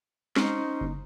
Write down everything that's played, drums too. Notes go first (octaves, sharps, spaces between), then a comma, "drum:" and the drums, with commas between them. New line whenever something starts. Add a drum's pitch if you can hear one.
G#3 C#4 D#4 C5, drum: snare
G1